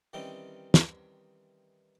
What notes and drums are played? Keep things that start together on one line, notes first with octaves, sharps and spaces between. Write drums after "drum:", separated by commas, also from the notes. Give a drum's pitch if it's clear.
D#3 E3 G3 C4 C#4 D#4
drum: snare